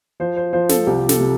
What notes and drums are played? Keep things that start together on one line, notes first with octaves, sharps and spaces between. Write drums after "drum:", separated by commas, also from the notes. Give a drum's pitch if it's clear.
F3 C5
C5
F3 C5
A4, drum: snare
C2 G4
A4, drum: snare
C3